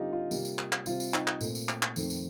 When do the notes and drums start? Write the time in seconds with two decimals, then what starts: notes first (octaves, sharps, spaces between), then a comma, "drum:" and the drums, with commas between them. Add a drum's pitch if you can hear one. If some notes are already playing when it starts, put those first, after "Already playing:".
Already playing: D3 G3 C4 D#4 F4 G4
0.13 F4
0.31 C3 G3 A#3, drum: tambourine
0.45 drum: tambourine
0.59 drum: clap
0.72 drum: clap
0.86 C3 G3 C4 F4, drum: tambourine
1.00 drum: tambourine
1.14 D#4, drum: clap
1.27 drum: clap
1.41 A#2 A3 C4, drum: tambourine
1.55 drum: tambourine
1.69 drum: clap
1.83 drum: clap
1.96 F2 D#3 A3 C4, drum: tambourine
2.10 drum: tambourine